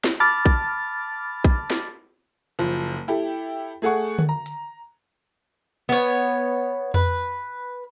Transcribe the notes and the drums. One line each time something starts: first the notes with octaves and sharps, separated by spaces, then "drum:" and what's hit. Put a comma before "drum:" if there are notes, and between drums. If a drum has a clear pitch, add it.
drum: snare
A5 B5 D6 F6 A6
drum: kick A#1
drum: kick A#1
drum: snare
F#1 F3
E4 G4 A4
A3 G#4 A4 F#5 C#6
drum: tom D3
A#5
drum: hi-hat
B3 C#5
B4, drum: tom F2